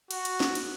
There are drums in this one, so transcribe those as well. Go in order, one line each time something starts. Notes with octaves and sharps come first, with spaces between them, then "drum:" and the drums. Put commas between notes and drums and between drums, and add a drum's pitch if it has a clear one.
F#4, drum: cymbal
drum: cymbal
drum: snare
drum: cymbal